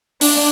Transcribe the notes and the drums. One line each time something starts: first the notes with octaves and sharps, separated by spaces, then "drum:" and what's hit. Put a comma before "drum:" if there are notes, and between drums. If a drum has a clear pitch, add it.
D4, drum: open hi-hat